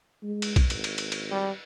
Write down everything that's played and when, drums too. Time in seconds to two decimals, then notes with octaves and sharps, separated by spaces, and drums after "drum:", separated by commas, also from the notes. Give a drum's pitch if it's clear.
0.23 G#3
0.42 drum: cymbal
0.56 drum: kick B1, cymbal
0.70 G#1, drum: cymbal
0.84 drum: cymbal
0.98 drum: cymbal
1.12 drum: cymbal
1.31 G3